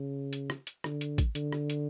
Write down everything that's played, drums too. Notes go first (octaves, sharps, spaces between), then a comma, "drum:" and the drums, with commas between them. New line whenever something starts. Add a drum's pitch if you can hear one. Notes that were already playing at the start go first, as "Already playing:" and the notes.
Already playing: C#3
drum: hi-hat
drum: rim click
drum: hi-hat
D3, drum: rim click
drum: hi-hat
drum: kick, hi-hat
D3, drum: hi-hat
drum: rim click
drum: hi-hat